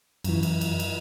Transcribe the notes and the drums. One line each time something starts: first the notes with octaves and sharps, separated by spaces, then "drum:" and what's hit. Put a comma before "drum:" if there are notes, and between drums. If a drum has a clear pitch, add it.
F#2 E3, drum: cymbal
drum: cymbal
drum: cymbal
drum: cymbal